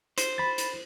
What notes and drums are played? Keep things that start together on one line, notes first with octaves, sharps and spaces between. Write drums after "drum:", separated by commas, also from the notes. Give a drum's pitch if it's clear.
C5, drum: hi-hat
B5 A6
drum: hi-hat